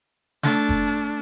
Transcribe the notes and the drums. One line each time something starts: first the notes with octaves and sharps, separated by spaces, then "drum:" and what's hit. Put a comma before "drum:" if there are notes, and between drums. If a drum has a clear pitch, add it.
A3 D4, drum: snare
drum: kick F1